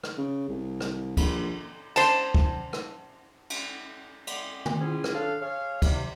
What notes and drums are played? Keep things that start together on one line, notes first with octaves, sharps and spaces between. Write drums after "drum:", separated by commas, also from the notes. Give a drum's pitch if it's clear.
drum: rim click
C#3
C2
drum: rim click
A#1, drum: kick, cymbal
C5 A5, drum: cymbal
drum: kick
drum: rim click
drum: cymbal
drum: cymbal
drum: tom
C4 C#4 E4 F4 G#4
drum: rim click
C#4 D4 A4 F5
G#4 C#5 F5
C3, drum: kick, cymbal